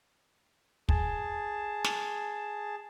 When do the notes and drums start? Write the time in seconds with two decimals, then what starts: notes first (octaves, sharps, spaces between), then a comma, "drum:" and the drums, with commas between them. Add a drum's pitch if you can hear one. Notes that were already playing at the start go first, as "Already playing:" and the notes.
0.89 G#4 A5, drum: kick
1.85 drum: snare